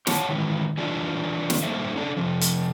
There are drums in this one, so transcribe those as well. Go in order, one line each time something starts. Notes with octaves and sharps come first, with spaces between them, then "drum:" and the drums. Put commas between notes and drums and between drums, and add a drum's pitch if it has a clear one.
G4 C#5 F#5 A5, drum: snare
D#3 E3 G#3
E3 G3 A3 D4 F4
drum: snare
G3 A#3 D#4 A4 C5 E5
C#4 D4 A4
C3 D#3 F3
drum: hi-hat